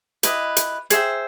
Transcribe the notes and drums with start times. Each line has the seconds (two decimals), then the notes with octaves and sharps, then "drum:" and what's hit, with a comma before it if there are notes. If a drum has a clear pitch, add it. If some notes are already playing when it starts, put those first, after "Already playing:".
0.23 E4 G4 B4 D#5, drum: hi-hat
0.57 drum: hi-hat
0.90 G#4 C5 E5 G5, drum: hi-hat